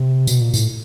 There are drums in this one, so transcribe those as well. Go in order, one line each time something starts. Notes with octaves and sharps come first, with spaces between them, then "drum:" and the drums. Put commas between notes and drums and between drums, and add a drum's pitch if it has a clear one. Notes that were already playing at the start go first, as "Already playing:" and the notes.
Already playing: C3
B2, drum: tambourine
A#2
A2, drum: tambourine